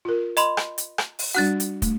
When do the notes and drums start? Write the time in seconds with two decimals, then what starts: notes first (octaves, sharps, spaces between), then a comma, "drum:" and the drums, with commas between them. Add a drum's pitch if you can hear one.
0.05 F4 A#4
0.37 D#5 B5 C6, drum: hi-hat
0.57 drum: rim click
0.78 drum: hi-hat
0.98 drum: rim click
1.19 drum: open hi-hat
1.35 G3 D4 F#4 F#5 F#6 A6
1.60 drum: hi-hat
1.82 A3, drum: kick, hi-hat